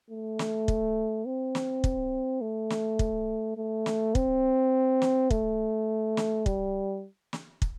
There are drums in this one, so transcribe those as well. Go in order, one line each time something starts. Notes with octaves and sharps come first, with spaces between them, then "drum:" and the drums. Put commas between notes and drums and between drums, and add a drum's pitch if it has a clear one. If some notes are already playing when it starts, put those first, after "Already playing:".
A3
drum: snare
drum: kick
C4
drum: snare
drum: kick
A3
drum: snare
drum: kick
A3
drum: snare
C4, drum: kick
drum: snare
A3, drum: kick
drum: snare
G3, drum: kick
drum: snare
drum: kick